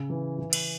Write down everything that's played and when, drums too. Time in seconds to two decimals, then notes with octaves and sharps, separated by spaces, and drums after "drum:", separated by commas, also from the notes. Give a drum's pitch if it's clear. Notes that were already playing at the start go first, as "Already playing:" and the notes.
Already playing: C#3
0.10 E3
0.39 E3
0.53 drum: cymbal